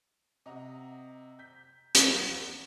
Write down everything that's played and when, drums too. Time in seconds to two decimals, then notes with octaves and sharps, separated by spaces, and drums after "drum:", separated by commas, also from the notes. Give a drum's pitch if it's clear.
0.46 C3 D#5 F#5 A#5
1.39 G6 B6
1.95 D4, drum: hi-hat
2.14 E2